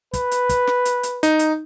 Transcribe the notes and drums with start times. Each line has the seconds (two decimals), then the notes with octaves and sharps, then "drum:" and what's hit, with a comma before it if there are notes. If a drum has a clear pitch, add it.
0.13 B4, drum: kick, hi-hat
0.31 drum: hi-hat
0.49 drum: kick, hi-hat
0.67 drum: snare
0.85 drum: hi-hat
1.03 drum: hi-hat
1.23 D#4, drum: hi-hat
1.39 drum: hi-hat